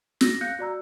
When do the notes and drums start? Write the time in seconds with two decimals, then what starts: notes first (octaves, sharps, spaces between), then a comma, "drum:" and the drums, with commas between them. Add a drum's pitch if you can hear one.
0.21 A#6, drum: snare
0.41 F5 F#6 G6 A#6 C#7
0.59 F#4 D5 A#5 E6